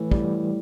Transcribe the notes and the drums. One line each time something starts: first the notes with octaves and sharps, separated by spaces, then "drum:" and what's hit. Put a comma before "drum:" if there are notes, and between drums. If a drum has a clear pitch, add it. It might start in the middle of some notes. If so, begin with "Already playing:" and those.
Already playing: A2 E3
G3, drum: kick